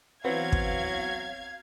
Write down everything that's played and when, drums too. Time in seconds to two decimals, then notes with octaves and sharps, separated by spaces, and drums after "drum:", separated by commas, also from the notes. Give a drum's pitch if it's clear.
0.25 E3 F#3 B3 C4 F5 G#6
0.52 drum: kick